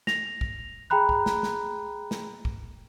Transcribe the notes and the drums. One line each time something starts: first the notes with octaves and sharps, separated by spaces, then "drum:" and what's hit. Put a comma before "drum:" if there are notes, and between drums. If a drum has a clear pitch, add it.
A#6 F7, drum: snare
drum: kick B1
G#4 G5 A#5 B5 F#6
drum: kick B1
drum: snare
drum: snare
drum: snare
drum: kick B1